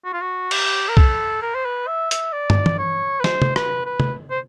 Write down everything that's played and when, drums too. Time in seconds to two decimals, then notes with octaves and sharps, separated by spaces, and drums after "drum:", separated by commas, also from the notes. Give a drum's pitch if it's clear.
0.05 F#4
0.13 F4
0.21 F#4
0.51 G4, drum: cymbal
0.89 A#4
0.97 A4, drum: kick B1
1.42 A#4
1.55 C5
1.65 B4
1.87 E5
2.11 E5, drum: hi-hat
2.33 D5
2.50 drum: tom
2.66 drum: tom
2.79 C#5
3.20 B4
3.24 C5, drum: snare
3.42 drum: tom
3.56 B4, drum: rim click
3.86 B4
4.00 drum: tom
4.31 C5